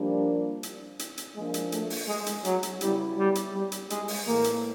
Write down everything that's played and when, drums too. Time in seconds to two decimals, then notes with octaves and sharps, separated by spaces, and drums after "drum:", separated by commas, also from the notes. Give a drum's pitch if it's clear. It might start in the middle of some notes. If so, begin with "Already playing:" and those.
Already playing: F3 G3 A#3 D4
0.63 drum: hi-hat
0.99 drum: hi-hat
1.18 drum: hi-hat
1.36 F3 G#3 A#3 D4
1.54 drum: hi-hat
1.72 A3, drum: hi-hat
1.90 drum: open hi-hat
2.08 G#3
2.26 drum: hi-hat
2.45 F#3, drum: hi-hat
2.63 drum: hi-hat
2.81 C#3 F#3 G3 B3 E4, drum: hi-hat
3.18 G3
3.35 drum: hi-hat
3.53 G3
3.72 drum: hi-hat
3.90 G#3, drum: hi-hat
4.08 drum: open hi-hat
4.26 A2 E3 A3 A#3
4.44 drum: hi-hat